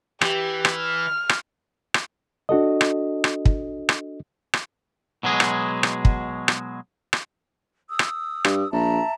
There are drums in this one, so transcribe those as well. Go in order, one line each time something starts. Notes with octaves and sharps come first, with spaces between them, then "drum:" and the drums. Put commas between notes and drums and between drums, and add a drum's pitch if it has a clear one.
E3 G4, drum: rim click
drum: rim click
F6
drum: rim click
drum: rim click
D4 F#4 A4 D#5
drum: rim click
drum: rim click
drum: kick
drum: rim click
drum: rim click
B2 F#3 G#3 G#4
drum: rim click
drum: rim click
drum: kick
drum: rim click
drum: rim click
D#6 E6
drum: rim click
G2, drum: rim click
A#1 E5 A5 A#5